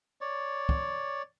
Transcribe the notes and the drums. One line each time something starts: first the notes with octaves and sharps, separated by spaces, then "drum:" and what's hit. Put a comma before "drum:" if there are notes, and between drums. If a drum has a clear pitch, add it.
C#5 D5
drum: kick